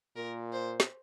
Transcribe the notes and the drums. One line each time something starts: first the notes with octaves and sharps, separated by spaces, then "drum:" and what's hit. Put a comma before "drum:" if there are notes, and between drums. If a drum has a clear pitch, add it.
A#2 A#4
C5
drum: snare